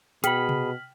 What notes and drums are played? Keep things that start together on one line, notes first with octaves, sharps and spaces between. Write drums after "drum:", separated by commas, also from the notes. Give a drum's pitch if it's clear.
B2 G#4 G5 B5 F6 B6 F#7, drum: hi-hat
drum: tom C3